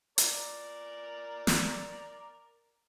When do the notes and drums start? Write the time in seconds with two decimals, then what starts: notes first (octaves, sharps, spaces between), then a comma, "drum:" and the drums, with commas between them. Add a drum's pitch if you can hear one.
0.18 A#4 D5, drum: hi-hat
1.47 drum: snare